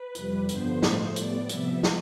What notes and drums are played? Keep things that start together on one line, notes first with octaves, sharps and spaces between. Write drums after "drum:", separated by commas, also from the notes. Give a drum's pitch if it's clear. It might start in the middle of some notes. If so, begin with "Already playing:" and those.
Already playing: B4
F2 C3 G3, drum: hi-hat
G2 D3 F3 B3 C5, drum: hi-hat
A2 F3 A3, drum: snare
A2 G3 B3 D5, drum: hi-hat
C3 F3 B3 E5, drum: hi-hat
drum: snare